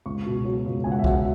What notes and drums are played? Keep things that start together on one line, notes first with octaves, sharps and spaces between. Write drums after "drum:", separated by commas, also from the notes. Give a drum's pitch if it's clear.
C#2 C#6
B2
F#3
C#2
C#2 G#5
F#5
E5
F#3 F#5, drum: kick